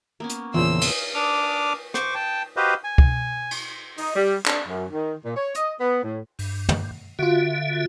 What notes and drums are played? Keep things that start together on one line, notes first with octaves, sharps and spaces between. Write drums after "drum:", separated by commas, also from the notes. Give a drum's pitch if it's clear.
A#3 B3 C#4
drum: hi-hat
E2 A#2 C#3 E3 F3 C4 C6 E6
drum: cymbal
D4 D6 D#6 F6
C5 C#6 D6, drum: rim click
G5 A5
F#4 G4 B4 C5 D#5 F5
G#5
drum: kick
drum: cymbal
D#4, drum: open hi-hat
G3
D4, drum: clap
F#2
D#3
A#2
C#5
D#5, drum: hi-hat
B3
A2
G2, drum: open hi-hat
drum: tom
D3 F4 F#4 E5